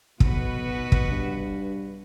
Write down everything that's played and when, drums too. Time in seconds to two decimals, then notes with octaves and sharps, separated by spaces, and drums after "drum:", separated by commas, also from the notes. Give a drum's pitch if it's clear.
0.20 B1 B2 F#4 B4, drum: kick
0.92 drum: kick
1.11 G2